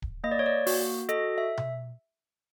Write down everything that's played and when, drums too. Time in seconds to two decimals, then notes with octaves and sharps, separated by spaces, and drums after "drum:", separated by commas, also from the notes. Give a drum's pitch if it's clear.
0.02 drum: kick D1
0.24 A#3 D#5
0.31 D5
0.39 C#5
0.46 D5
0.67 F#4, drum: open hi-hat
1.09 A4 D#5, drum: hi-hat
1.38 E5
1.57 drum: tom B2